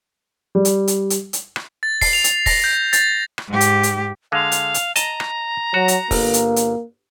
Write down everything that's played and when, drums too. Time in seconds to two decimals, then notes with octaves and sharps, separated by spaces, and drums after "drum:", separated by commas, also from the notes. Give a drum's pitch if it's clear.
0.55 G3
0.65 drum: hi-hat
0.88 drum: hi-hat
1.10 drum: hi-hat
1.33 drum: hi-hat
1.56 drum: rim click
1.83 A6
2.02 C7, drum: kick, open hi-hat
2.13 F7
2.24 drum: hi-hat
2.46 A#6, drum: kick, open hi-hat
2.64 G6
2.93 A6, drum: hi-hat
3.38 drum: rim click
3.48 G#2 G4
3.61 drum: hi-hat
3.83 drum: hi-hat
4.32 D3 G#3 F5
4.52 drum: hi-hat
4.74 drum: hi-hat
4.96 D#5 A5 A#5, drum: hi-hat
5.20 drum: rim click
5.74 F#3 F#4
5.88 drum: hi-hat
6.11 G1 A#3, drum: kick, open hi-hat
6.34 drum: hi-hat
6.56 drum: hi-hat